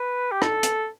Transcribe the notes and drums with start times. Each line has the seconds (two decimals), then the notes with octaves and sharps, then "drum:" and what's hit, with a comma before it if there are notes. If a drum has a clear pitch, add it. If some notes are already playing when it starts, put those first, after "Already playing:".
Already playing: B4
0.32 G4
0.42 A4, drum: rim click
0.63 drum: hi-hat